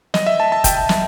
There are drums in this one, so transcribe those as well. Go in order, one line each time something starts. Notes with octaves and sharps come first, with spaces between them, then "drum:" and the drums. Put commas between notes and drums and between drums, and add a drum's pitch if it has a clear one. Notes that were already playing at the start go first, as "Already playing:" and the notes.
D#5, drum: snare
E5
A5
A5
G5, drum: kick, hi-hat
drum: snare